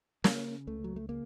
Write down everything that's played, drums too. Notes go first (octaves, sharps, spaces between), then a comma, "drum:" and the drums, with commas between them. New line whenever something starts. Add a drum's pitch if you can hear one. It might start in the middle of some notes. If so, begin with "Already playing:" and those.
C#3 A#3, drum: snare
C#2 A3
F#3
A3
C#3 A#3